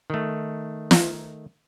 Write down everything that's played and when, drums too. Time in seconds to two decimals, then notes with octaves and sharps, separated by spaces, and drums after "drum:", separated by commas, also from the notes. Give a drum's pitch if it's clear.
0.10 D#3 A3
0.91 drum: snare